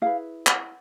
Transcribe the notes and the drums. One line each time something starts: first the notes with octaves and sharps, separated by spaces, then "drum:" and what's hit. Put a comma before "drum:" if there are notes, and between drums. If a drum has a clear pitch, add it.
E4 G#4 B4 F5
F#5, drum: clap